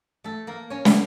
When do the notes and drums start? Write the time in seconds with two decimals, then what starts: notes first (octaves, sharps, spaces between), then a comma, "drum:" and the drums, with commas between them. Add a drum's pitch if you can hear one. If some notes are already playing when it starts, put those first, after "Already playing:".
0.24 A3 A4
0.47 A#3 A#4
0.70 C#4 C#5
0.85 drum: snare